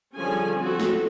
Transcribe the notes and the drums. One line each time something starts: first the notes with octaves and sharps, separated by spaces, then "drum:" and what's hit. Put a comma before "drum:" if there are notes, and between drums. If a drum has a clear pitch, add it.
D3 F3 G3 C#4 G#4 G#5
C4 F#4 A4
drum: snare